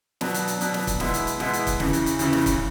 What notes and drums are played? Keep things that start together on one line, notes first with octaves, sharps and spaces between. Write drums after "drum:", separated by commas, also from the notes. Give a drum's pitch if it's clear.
B2 F#3 B3 D4, drum: snare
drum: hi-hat
drum: hi-hat
B2 F#3 B3 D4, drum: hi-hat
drum: snare
drum: kick, hi-hat
B2 G#3 B3 E4, drum: snare
drum: hi-hat
drum: hi-hat
B2 G#3 B3 E4, drum: snare
drum: hi-hat
drum: kick, hi-hat
E2 C#3 E3, drum: snare
drum: hi-hat
drum: hi-hat
E2 C#3 E3, drum: hi-hat
drum: snare
drum: kick, hi-hat